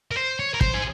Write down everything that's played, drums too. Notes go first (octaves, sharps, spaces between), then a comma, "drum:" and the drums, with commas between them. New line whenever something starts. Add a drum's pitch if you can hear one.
A#4
C5
C#5
A#4
C5, drum: kick
G#4